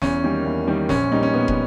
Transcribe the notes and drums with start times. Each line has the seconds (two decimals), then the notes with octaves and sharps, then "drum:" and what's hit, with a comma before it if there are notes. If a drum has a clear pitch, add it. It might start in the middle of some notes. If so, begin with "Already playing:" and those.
0.02 E2 C#4, drum: snare
0.24 D#3 G3 A#3
0.46 E2
0.67 D#3 G3 A#3
0.89 A#1 C#4, drum: snare
1.11 A#2 G3 D#4
1.23 C#4
1.34 A#1 B3
1.48 drum: kick